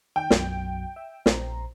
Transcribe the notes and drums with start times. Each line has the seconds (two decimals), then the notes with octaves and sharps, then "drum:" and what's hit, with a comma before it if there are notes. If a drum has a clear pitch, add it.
0.16 D#3 G5
0.30 B1 F#2 F#3, drum: snare
0.96 E5
1.26 A#1 C5 A#5, drum: snare